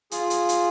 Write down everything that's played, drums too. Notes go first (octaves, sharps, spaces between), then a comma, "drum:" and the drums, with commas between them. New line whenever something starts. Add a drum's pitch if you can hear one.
F4 G#4, drum: hi-hat
drum: hi-hat
drum: hi-hat